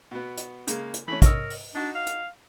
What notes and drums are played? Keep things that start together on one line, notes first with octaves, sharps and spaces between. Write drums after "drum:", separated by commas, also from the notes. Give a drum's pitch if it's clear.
B2 B3
drum: hi-hat
C#3 G#3 A#3, drum: hi-hat
drum: hi-hat
E3 A3 C#4 B5
A#4 C#5 D#5 E6, drum: kick, hi-hat
drum: open hi-hat
D4 D#4 F#4
F5
drum: hi-hat